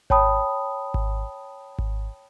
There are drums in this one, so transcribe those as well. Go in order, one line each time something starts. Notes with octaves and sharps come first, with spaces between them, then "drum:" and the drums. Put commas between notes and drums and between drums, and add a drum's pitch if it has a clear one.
C#5 G5 A5 B5 D#6, drum: kick G#1
drum: kick G#1
drum: kick G#1